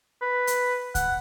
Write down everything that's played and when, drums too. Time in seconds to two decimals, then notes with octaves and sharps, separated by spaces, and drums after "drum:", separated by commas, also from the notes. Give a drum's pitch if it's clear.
0.22 B4
0.47 drum: hi-hat
0.95 F#5, drum: kick C2, hi-hat